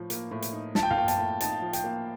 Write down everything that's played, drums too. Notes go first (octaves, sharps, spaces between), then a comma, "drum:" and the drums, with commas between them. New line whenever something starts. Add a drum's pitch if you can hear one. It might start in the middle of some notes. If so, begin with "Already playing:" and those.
Already playing: A2 F3
A#3, drum: hi-hat
A2
drum: hi-hat
D#4
F3 A5, drum: snare
G5
F5, drum: tom
A#3 G5
A5, drum: hi-hat
A2
D#4 A5, drum: hi-hat
F3
G5, drum: hi-hat
A#3